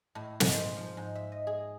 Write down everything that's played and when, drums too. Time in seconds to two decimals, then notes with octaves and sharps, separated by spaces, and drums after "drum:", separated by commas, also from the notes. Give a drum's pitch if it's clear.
0.15 A2
0.40 G#2, drum: snare
0.53 C5
0.76 F3
0.97 G#2
1.15 E5
1.32 D#5
1.47 G#4